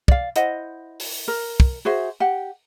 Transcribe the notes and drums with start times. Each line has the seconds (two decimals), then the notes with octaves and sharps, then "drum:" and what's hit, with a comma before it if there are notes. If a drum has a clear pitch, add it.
0.08 D5 F5, drum: kick
0.36 E4 C5 D#5 F#5, drum: hi-hat
1.00 drum: open hi-hat
1.28 A#4
1.60 drum: kick
1.85 F#4 G#4 C5 E5
2.20 G4 F#5